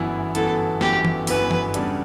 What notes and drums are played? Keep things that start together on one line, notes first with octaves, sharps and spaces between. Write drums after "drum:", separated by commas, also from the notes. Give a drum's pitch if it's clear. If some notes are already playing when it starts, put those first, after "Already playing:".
Already playing: G1 F#2 E3 B3 E4
G1 F#2 E3 B3 E4 A4, drum: hi-hat
G1 F#2 E3 B3 E4 G4, drum: snare
drum: tom E3
G1 F#2 E3 B3 E4 B4, drum: open hi-hat
drum: tom E3
E2 C#3 G3 D4 A4, drum: hi-hat